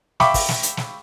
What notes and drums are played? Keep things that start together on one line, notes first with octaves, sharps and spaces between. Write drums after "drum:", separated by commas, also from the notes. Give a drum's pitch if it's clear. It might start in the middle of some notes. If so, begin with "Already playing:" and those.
E5 F5 G5 B5 C#6 D6, drum: snare
drum: kick, open hi-hat
drum: snare
drum: hi-hat
drum: snare